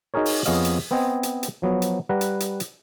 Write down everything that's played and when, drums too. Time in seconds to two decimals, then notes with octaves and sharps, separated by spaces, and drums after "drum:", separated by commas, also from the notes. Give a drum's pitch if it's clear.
0.14 D#4 F#4 G#4 A#4 C#5
0.26 drum: open hi-hat
0.45 F2 B3 G#4 C#5 D#5 F5, drum: hi-hat
0.65 drum: hi-hat
0.91 B3 C4 C5 D#5 G#5
1.23 drum: hi-hat
1.43 drum: hi-hat
1.62 F3 F#3 B3
1.82 drum: hi-hat
2.09 G3 B4 F#5 A#5
2.21 drum: hi-hat
2.40 drum: hi-hat
2.60 drum: hi-hat